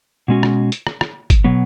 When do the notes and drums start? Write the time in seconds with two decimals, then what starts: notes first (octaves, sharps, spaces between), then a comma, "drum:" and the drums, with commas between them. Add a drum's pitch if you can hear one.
0.28 B2 G#3 C#4 F#4
0.43 drum: rim click
0.72 drum: hi-hat
0.87 drum: rim click
1.01 drum: rim click
1.30 drum: kick, hi-hat
1.44 B2 F#3 B3